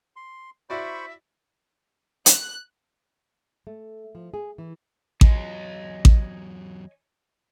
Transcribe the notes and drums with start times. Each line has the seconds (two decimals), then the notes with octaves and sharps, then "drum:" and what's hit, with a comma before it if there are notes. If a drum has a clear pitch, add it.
0.16 C6
0.70 E4 F#4 C5 D5 E5 B5 C#6
2.26 F#6, drum: hi-hat
3.67 A3
4.15 F3
4.34 G#4
4.58 E3
5.21 E2 F#3 C#5 D#5 G#5, drum: kick A1
6.05 drum: kick A1